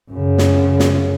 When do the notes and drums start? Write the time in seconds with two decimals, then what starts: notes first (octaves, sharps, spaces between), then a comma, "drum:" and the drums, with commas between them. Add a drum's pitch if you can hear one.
0.11 F#2 C#3
0.38 drum: snare
0.80 drum: snare